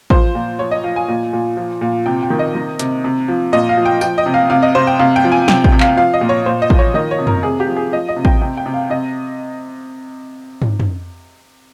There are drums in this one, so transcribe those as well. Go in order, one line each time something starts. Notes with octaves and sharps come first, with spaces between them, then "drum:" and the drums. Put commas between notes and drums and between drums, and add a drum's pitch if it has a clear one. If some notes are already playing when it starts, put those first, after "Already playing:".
F3 C5, drum: kick A1
A#2
F3 C#5
D#5
F3 F5
G#5
A#2
A#2
F3
A#2
C3 G5
G5
D#3
D#5
D#3
C3, drum: hi-hat
C3
F3
A#2 D#5
F5
F3
G5
F3 G5, drum: tambourine
D#5
C3
F5
C3 F5
D#5
C3 C5
G5
C3 F5
G5
F3
G#5
C3 G5, drum: snare
G5, drum: kick A1
C3
F5, drum: clap
F3 F5
D#5
A#2
C#5
A#2 C5
D#5
F3, drum: kick A1
C#5
D#3 D#5
C#5
C3
A#4, drum: tom
C3 G#4
G4
F3
G#4
F3 D#5
D#5
C3
G5, drum: kick A1
C3 G5
G5
C3
F5
C3 D#5
drum: tom
drum: tom